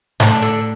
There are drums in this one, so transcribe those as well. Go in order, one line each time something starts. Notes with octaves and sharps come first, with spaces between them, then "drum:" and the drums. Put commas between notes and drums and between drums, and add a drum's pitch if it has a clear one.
A2 D4, drum: snare G#2
D3